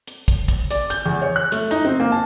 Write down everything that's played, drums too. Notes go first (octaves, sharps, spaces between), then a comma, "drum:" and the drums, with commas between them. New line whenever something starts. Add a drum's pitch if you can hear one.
drum: hi-hat
drum: kick, hi-hat
drum: kick, hi-hat
D5, drum: hi-hat
G6, drum: hi-hat
E2
C#5
F#6
A3, drum: hi-hat
D#4, drum: hi-hat
C4
A#3
A5